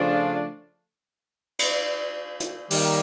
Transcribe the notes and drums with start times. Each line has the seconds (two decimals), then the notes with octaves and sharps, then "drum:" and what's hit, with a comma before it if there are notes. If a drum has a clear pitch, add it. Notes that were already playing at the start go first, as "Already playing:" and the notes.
Already playing: C#3 F3 A3 D4 F4
1.59 drum: cymbal
2.40 drum: hi-hat
2.70 D#3 G3 A#3, drum: open hi-hat